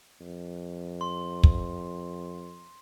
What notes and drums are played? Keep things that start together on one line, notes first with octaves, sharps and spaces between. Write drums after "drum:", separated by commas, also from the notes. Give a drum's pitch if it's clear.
F2
C6
drum: kick